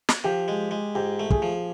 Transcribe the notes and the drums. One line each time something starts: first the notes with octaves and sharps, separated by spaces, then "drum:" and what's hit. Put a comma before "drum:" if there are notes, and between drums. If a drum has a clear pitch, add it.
drum: snare
F3 G4
G#3
G#3
G#2 G4
A3
G#4, drum: kick
F3